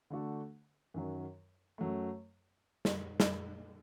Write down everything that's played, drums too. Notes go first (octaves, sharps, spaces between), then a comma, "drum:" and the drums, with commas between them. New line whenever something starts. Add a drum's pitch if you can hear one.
D3 A3 D4 F#4 A4
F#2 D#3 F#3
F#2 F#3 A3
drum: snare
drum: snare